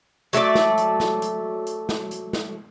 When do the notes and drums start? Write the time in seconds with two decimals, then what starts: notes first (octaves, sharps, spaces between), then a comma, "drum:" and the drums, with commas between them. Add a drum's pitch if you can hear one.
0.33 F#3 A3 A4 D5, drum: hi-hat
0.55 drum: snare
0.78 drum: hi-hat
1.00 drum: snare
1.22 drum: hi-hat
1.67 drum: hi-hat
1.89 drum: snare
2.11 drum: hi-hat
2.33 drum: snare